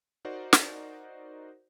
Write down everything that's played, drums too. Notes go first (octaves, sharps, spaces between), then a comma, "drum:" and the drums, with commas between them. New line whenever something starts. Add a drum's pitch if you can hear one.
D#4 F#4 A#4 C5 D5
drum: snare